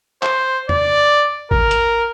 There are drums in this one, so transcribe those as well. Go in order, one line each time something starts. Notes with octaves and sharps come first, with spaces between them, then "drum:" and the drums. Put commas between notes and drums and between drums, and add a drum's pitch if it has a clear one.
C5, drum: clap
D5, drum: tom E2
A#4, drum: kick A1
drum: hi-hat